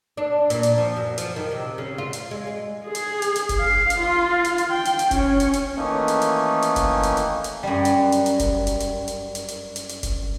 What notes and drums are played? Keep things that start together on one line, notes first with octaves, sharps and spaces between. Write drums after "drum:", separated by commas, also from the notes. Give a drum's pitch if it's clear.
D4
A#2, drum: hi-hat
drum: hi-hat
F3
F#2
F3, drum: hi-hat
D#3
C3
C#3
F4
drum: hi-hat
G#3
G#3
G#4
drum: hi-hat
drum: hi-hat
drum: hi-hat
drum: kick F1, hi-hat
F5
drum: hi-hat
F4
drum: hi-hat
drum: hi-hat
G5
drum: hi-hat
drum: hi-hat
C#4, drum: kick F1, hi-hat
drum: hi-hat
drum: hi-hat
D#3 E3 A3 A#3 C#4 D#4
drum: hi-hat
drum: hi-hat
drum: hi-hat
drum: kick F1, hi-hat
drum: hi-hat
drum: hi-hat
drum: hi-hat
F#2 G3
drum: hi-hat
drum: hi-hat
drum: hi-hat
drum: kick F1, hi-hat
drum: hi-hat
drum: hi-hat
drum: hi-hat
drum: hi-hat
drum: hi-hat
drum: hi-hat
drum: hi-hat
drum: kick F1, hi-hat